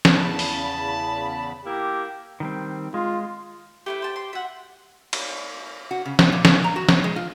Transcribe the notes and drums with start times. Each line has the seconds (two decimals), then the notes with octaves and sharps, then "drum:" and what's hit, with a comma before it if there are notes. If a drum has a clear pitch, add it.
0.05 drum: snare
0.17 E2 C#3 A5 B5
0.39 drum: open hi-hat
1.65 A#3 E4 G4 A#4
2.40 D#3 G3 C4
2.94 G#3 F4
3.86 A3 E4 G4 B4
4.02 C5 A5
4.16 C6
4.33 F#4 E5 F#5
5.13 drum: cymbal
5.91 F#4
6.06 C#3
6.19 B3, drum: snare
6.32 A#2
6.45 C#3, drum: snare
6.64 A#5
6.76 F#4
6.89 F#3, drum: snare
7.04 G#3
7.16 F4